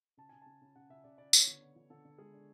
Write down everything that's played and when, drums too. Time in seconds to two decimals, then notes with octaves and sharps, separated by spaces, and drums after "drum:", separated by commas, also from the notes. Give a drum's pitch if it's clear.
0.17 C#3 A5
0.29 C#3 G#5
0.42 C#3 A5
0.62 C#3
0.76 C#3 F#5
0.90 C#3 E5
1.04 C#3 D5
1.18 C#3 D5
1.33 B3 C#5, drum: tambourine
1.47 D3
1.61 D4
1.76 D3
1.90 D3 A4
2.05 D3
2.18 G#3 G#4
2.33 D4